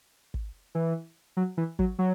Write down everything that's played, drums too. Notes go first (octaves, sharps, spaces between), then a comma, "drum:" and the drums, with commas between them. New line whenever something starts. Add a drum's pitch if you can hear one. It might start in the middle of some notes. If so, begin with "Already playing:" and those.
drum: kick
E3
F#3
E3
F#3, drum: kick
F#3